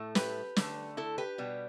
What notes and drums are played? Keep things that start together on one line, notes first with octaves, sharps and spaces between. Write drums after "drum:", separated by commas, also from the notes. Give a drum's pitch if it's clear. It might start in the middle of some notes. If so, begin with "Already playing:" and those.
Already playing: A2 A3
G4 B4, drum: snare
D3 A3, drum: snare
E4 A4
G4 B4
B2 G3